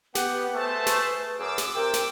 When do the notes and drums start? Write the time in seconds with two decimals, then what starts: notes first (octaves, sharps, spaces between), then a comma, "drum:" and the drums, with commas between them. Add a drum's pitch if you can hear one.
0.15 B3 G4 B4 F#5, drum: snare
0.55 A3 G#4 C5 A5
0.87 drum: snare
1.39 F#2 G#4 D6 E6
1.58 drum: snare
1.76 C3 A#4 G5
1.94 drum: snare